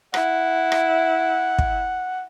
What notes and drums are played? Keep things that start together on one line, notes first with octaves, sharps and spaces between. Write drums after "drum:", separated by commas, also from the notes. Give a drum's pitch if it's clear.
E4 F#5, drum: rim click
drum: rim click
drum: kick